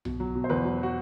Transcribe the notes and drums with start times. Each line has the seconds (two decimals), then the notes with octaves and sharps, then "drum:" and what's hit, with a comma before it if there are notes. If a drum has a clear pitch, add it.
0.05 B2, drum: tom B1
0.20 F#3
0.35 B2
0.44 C5
0.50 E2 B4
0.65 F#3
0.83 F#4